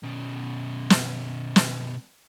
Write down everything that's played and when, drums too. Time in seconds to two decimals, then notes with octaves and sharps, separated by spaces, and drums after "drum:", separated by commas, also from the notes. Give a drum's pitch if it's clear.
0.03 B2 C#4
0.90 drum: snare
1.56 drum: snare